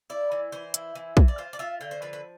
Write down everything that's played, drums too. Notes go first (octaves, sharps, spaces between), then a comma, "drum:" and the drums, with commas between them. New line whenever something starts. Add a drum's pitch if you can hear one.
E4 D5
E3
E3 C5
E4, drum: hi-hat
E3
E3, drum: kick
D5
F4 C5
D5
F4 E5
D3 G5
C5
F3 B4
B4